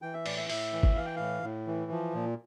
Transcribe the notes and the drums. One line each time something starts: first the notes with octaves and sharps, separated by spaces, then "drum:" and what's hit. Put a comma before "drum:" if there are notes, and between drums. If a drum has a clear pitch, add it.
E3 G5
E5
A2 D5, drum: cymbal
E5
A2 E5, drum: open hi-hat
E3
drum: kick G#1
E3 F5
G5
A2 F5
A2
E3
F3
A#2